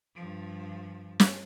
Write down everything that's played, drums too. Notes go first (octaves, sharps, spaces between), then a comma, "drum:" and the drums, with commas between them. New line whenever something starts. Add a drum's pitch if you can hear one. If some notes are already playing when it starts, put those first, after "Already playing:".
G2 F3
drum: snare